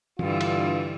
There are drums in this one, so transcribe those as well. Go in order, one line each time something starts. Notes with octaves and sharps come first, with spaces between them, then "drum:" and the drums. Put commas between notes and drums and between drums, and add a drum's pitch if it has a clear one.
G2 D3 E3 F4, drum: tom
drum: cymbal